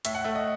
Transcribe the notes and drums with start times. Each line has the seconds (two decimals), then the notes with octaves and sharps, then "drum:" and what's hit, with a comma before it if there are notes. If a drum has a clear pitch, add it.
0.05 A2 E5, drum: hi-hat
0.15 F#5
0.24 A3 E5
0.35 D#5